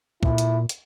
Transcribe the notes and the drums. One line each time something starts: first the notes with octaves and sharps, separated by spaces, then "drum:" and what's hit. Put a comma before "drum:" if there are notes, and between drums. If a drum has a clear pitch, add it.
A#2 E4, drum: kick
drum: hi-hat
drum: hi-hat